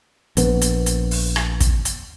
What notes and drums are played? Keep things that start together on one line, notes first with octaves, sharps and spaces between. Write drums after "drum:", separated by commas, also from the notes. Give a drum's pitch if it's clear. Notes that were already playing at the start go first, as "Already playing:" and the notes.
A#1 B3, drum: hi-hat
drum: hi-hat
drum: hi-hat
drum: open hi-hat
drum: rim click
drum: kick, hi-hat
drum: hi-hat